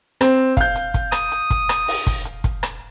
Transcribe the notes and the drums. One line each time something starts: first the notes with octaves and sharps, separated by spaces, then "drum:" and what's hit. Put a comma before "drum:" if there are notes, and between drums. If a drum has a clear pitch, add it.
C4, drum: rim click
F5 G6, drum: kick, hi-hat
drum: hi-hat
drum: kick, hi-hat
D#6, drum: rim click
drum: hi-hat
drum: kick, hi-hat
drum: rim click
drum: open hi-hat
drum: kick, hi-hat
drum: hi-hat
drum: kick, hi-hat
drum: rim click